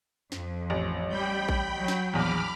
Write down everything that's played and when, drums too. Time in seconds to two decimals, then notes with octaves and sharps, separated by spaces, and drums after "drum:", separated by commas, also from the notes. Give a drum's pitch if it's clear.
0.32 F2, drum: snare
0.70 A1
1.09 G3 G5 B5 G6
1.49 drum: kick A#1
1.77 F#3
1.88 drum: snare
2.13 A#1 E2 B5 D6 F6